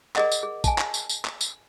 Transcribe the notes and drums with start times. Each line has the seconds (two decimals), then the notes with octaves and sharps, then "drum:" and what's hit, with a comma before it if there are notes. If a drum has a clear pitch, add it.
0.16 G#4 A#4 D5 D#5 F#5, drum: clap
0.32 drum: tambourine
0.43 G#4
0.64 G#5 A5, drum: kick, tambourine
0.78 drum: clap
0.94 drum: tambourine
1.09 drum: tambourine
1.25 drum: clap
1.41 drum: tambourine